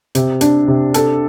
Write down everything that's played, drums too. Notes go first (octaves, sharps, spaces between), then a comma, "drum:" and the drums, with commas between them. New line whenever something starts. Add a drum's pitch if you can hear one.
C3, drum: hi-hat
D4, drum: hi-hat
C3
A4, drum: hi-hat